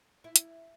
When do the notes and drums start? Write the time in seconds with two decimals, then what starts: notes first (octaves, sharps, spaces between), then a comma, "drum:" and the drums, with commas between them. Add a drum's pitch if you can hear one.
0.24 E4
0.36 drum: hi-hat